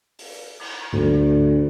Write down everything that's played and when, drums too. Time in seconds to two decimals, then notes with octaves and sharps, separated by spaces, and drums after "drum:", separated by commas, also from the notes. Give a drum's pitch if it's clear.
0.19 drum: open hi-hat
0.60 drum: cymbal
0.93 D2, drum: tom G#2